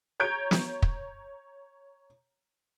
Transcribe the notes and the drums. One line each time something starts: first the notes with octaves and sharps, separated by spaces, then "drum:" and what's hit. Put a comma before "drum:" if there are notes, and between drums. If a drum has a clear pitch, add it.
C#5 A#5 G6 G#6 D7
drum: snare
drum: kick